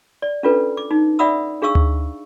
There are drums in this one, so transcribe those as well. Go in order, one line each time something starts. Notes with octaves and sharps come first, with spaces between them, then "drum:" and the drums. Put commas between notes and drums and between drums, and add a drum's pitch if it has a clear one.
D5
C#4 D4 F4 A4 B4
D6
D#4
D5 E5 F#5 B5 D#6 E6
D4 G#4 F5 C#6 E6
drum: tom D2